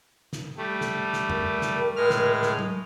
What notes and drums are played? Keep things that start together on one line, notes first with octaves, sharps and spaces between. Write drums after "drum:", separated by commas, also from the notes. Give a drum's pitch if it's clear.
drum: snare
G3 A3
drum: snare
drum: snare
A#4, drum: tom F2
drum: snare
A2 G#3 F6
drum: snare
drum: snare
drum: tom F#3